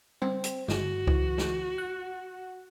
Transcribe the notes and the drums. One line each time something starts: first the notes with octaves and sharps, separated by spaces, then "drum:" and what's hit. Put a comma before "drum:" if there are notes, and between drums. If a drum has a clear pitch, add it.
C4, drum: tom G3
drum: hi-hat
G1 F#4, drum: snare
E3, drum: kick C#2
drum: snare
F#5